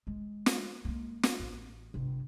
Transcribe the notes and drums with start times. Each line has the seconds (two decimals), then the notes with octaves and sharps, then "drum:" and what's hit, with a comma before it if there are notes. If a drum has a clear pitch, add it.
0.07 G#3
0.46 drum: snare
0.85 G#3 A#3
1.23 drum: snare
1.40 A1
1.94 G1 C3